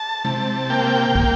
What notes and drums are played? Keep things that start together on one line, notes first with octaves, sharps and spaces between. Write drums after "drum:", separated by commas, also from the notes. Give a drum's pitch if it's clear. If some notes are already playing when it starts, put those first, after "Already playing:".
Already playing: A5
C3, drum: tom G#3
A#3 G5
A#3, drum: kick